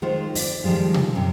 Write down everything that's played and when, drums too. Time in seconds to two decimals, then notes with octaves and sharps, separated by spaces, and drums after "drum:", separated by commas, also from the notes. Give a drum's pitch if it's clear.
0.02 D#3 G#3 F4 C5
0.35 D5 D#5, drum: open hi-hat
0.64 D#3 F3 G3 G#3 F4
0.94 drum: tom B2
1.15 F#2 C3